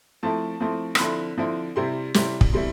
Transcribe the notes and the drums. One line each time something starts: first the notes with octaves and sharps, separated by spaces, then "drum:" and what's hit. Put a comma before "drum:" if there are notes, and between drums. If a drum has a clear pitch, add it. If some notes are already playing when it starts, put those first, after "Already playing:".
F3 A3 C4 E4 A5
F3 A3 C4 E4
C6, drum: rim click
D3 F3 C4 E4 B5
D3 F3 C4 E4
C3 G3 C4 E4 C6
C3 G3 C4 E4, drum: snare
drum: kick
B2 G3 C4 E4 C6